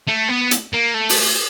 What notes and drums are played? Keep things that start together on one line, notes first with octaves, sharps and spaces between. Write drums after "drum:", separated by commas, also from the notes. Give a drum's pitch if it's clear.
A3
B3
drum: hi-hat
A#3
A3
drum: open hi-hat